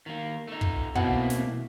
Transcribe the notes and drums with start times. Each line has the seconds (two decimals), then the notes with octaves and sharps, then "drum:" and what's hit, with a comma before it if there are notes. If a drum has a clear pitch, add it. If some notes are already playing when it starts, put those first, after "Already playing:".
0.06 D#3 A#3
0.47 A3 D#4
0.61 drum: kick
0.95 B2 A#3 C4 E4 F#5, drum: kick
1.30 drum: snare